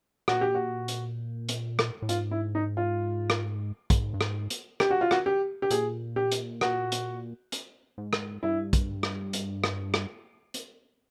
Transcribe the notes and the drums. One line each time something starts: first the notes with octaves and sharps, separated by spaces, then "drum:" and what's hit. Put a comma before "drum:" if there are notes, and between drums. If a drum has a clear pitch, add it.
A#2 F#4, drum: rim click
G4
F#4
drum: hi-hat
drum: hi-hat
drum: rim click
A2
G#2 F4, drum: hi-hat
E4
D#4
F4
drum: rim click
G#2, drum: kick, hi-hat
G2
G#2, drum: rim click
drum: hi-hat
G4, drum: rim click
F#4
F4
F#4, drum: rim click
G4
G4
A#2 G#4, drum: hi-hat
G4
drum: hi-hat
F#4, drum: rim click
drum: hi-hat
drum: hi-hat
G#2
drum: rim click
G2 E4
drum: kick, hi-hat
drum: rim click
drum: hi-hat
drum: rim click
drum: rim click
drum: hi-hat